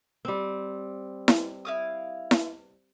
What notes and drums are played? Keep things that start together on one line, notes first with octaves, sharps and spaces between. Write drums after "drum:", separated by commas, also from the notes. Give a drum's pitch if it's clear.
G3 C4
drum: snare E4
E4 F5 D#6
drum: snare E4